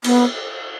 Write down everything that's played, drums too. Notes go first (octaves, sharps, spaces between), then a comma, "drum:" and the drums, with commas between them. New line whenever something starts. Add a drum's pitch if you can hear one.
B3, drum: cymbal